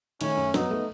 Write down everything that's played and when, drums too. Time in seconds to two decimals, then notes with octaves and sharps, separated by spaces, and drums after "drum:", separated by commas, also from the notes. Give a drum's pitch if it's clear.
0.21 D#3 A3 C#4, drum: cymbal
0.37 F#2
0.54 F#3 B3 D#4, drum: snare
0.70 A3